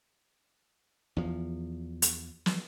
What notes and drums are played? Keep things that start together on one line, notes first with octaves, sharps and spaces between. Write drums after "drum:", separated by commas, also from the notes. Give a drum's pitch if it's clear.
E2 F3
drum: hi-hat
drum: snare